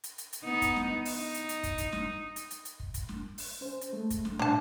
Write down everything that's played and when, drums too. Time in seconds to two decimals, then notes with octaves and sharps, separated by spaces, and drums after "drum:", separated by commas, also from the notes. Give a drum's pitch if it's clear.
0.04 drum: hi-hat
0.18 drum: hi-hat
0.33 drum: hi-hat
0.44 B3 D#4
0.62 drum: kick, hi-hat
0.76 drum: snare
1.05 drum: open hi-hat
1.15 D#4
1.34 drum: hi-hat
1.49 drum: hi-hat
1.63 drum: kick, hi-hat
1.78 drum: kick, hi-hat
1.92 drum: snare
2.36 drum: hi-hat
2.51 drum: hi-hat
2.65 drum: hi-hat
2.80 drum: kick
2.94 drum: kick, hi-hat
3.09 drum: snare
3.38 drum: open hi-hat
3.61 C#4 C5
3.81 drum: hi-hat
3.93 G#3 A3
4.10 drum: kick, hi-hat
4.25 drum: snare
4.39 D4 A5, drum: tom